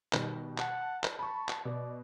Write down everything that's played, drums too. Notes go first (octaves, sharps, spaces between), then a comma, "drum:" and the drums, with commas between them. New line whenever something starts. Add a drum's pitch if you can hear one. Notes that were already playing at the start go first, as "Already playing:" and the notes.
B2 D#3 G3, drum: clap
F#5 A5, drum: clap
drum: clap
A5 B5 C#6
drum: clap
B2 D5